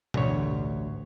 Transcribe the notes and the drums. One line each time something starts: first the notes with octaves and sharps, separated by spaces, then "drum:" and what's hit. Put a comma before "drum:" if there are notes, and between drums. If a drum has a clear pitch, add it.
A1 D2 C#5, drum: tom B2